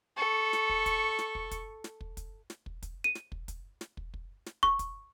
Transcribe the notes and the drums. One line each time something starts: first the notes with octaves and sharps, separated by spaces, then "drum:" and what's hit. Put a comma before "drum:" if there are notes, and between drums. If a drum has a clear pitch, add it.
A4 C#6
drum: snare
drum: kick
drum: kick, hi-hat
drum: snare
drum: kick
drum: kick, hi-hat
drum: snare
drum: kick
drum: kick, hi-hat
drum: snare
drum: kick
drum: kick, hi-hat
D#7
drum: snare
drum: kick
drum: kick, hi-hat
drum: snare
drum: kick
drum: kick
drum: snare
C#6, drum: kick
drum: kick, hi-hat